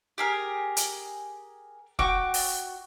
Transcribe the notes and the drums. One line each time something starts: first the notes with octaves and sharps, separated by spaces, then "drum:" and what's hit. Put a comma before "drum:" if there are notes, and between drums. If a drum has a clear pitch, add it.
G4 G#4 A#4
drum: hi-hat
F#4 G5 C#6 D6, drum: kick
drum: open hi-hat